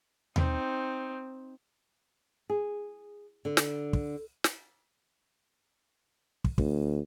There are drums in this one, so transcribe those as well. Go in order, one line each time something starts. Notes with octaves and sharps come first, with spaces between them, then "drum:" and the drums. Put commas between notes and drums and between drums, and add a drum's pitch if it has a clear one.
C4 D#4, drum: tom D#2
G#4
D3
drum: snare
drum: kick
drum: snare
drum: kick
D2, drum: kick